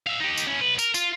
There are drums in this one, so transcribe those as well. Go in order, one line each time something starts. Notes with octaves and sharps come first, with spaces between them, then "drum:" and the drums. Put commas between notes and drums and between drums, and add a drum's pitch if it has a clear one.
E5 F5
D#4 G4
drum: tambourine
C#4 E4
B1 B4
A#4, drum: tambourine
F4, drum: tambourine